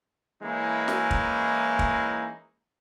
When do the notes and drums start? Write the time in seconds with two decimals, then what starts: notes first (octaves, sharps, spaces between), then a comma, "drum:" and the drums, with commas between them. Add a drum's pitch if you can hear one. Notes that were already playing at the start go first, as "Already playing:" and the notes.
0.42 E3 G#3 A#3 C#4 D#4 E4
0.88 drum: snare
1.11 drum: kick
1.79 drum: kick